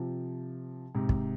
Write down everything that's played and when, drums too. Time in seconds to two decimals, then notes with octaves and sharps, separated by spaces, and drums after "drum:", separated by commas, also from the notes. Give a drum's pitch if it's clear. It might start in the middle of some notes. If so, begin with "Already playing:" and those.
Already playing: C3 F3
0.95 G#2 C3
1.09 drum: kick